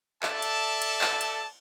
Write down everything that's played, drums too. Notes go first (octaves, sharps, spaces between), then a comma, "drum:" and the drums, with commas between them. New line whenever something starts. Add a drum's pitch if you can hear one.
A4 D5 E5 A5, drum: clap
drum: cymbal
drum: cymbal
drum: clap
drum: cymbal